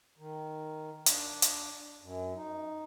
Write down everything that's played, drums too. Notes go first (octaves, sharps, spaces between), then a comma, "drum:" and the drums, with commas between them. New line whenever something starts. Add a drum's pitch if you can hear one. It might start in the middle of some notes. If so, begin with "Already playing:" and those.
D#3
D4, drum: hi-hat
drum: hi-hat
F#2
D#4